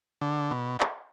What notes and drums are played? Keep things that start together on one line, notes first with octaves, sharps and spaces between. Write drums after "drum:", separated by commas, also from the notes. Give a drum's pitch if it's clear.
D3
B2
drum: clap